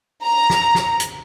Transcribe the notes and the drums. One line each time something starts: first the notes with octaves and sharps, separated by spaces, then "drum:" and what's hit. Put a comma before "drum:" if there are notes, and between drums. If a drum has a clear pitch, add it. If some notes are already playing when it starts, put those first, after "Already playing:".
A#5
drum: snare
drum: snare
drum: hi-hat